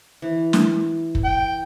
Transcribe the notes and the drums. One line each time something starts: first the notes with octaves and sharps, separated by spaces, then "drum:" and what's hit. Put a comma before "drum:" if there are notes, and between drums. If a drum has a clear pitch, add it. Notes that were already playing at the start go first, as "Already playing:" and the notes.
E3
drum: snare
drum: kick
G5